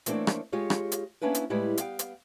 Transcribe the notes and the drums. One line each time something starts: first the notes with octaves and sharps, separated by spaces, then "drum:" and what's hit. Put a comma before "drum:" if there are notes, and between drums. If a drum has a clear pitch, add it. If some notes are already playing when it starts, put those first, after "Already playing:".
E3 A3 A#3 C4 D4 C#5, drum: hi-hat
drum: rim click
G#3 F4 G4 C#5
drum: rim click
drum: hi-hat
A#3 B3 C#4 D4 E4 B4
drum: hi-hat
A2 G3 G#3 E4 B4
B3 F5 G5, drum: hi-hat
drum: hi-hat